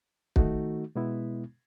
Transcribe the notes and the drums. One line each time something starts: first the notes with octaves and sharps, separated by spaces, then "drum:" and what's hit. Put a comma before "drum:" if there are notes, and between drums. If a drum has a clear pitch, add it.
D#3 A3 D#4 F#4, drum: kick
B2 G#3 B3 E4